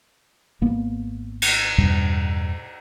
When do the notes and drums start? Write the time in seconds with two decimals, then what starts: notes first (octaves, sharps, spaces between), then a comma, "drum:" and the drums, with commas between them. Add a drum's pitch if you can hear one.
0.61 G#1 A#3 B3
1.42 drum: cymbal
1.78 E2 G2 B2 G3